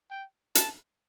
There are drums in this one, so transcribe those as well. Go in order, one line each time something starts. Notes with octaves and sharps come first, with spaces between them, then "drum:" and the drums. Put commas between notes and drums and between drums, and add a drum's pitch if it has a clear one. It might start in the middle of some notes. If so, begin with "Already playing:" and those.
G5
A5, drum: hi-hat